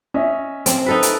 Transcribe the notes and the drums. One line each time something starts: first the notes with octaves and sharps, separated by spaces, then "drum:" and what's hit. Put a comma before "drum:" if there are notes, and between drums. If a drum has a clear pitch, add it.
C#4 D#5 E5
C4, drum: hi-hat
D#4 A4 B4
drum: hi-hat